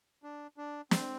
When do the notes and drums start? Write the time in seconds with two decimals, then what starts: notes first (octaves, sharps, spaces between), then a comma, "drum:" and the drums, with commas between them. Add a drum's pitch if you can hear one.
0.23 D4
0.57 D4
0.91 C4, drum: snare